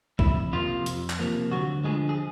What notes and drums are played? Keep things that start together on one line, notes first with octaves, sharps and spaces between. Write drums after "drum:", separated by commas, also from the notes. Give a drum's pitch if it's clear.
F2 E4, drum: kick
C3 F3 A#3 F4
F2, drum: hi-hat
drum: clap
C3 F3 A#3
D2 F#3 F#4
D3 F3 G#3 G#4
G#4